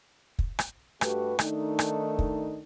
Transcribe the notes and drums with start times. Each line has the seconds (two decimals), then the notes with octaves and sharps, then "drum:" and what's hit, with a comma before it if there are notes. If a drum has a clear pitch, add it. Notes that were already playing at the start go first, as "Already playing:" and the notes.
0.39 drum: kick
0.59 drum: rim click
1.01 G2 A3 F#4 G4 B4, drum: rim click
1.39 D#3 A3 D4 D#4, drum: rim click
1.79 drum: rim click
2.19 drum: kick